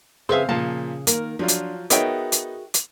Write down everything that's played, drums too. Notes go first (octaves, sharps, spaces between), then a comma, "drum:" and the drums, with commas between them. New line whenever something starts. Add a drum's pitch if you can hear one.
C#3 C4 G#4 B4 C5 E5 F5
A#2 C#3 F3 F5 A5
D#3 A#3 A#4, drum: hi-hat
F3 F#3 D4 F4
drum: hi-hat
B3 D#4 F#4 G#4 A#4 C#5 E5 G5, drum: hi-hat
drum: hi-hat
drum: hi-hat